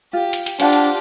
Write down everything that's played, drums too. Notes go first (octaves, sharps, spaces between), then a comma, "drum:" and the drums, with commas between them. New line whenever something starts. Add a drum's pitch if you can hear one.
F4 G4
drum: hi-hat
drum: hi-hat
D4 F4 G4 C5 F#5 A5, drum: hi-hat
drum: hi-hat